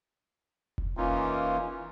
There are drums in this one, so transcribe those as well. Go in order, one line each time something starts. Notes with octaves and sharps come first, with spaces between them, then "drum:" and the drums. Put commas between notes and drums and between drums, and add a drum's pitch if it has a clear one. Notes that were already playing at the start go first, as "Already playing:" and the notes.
drum: kick F1
E3 A#3 C#4 D#4 F4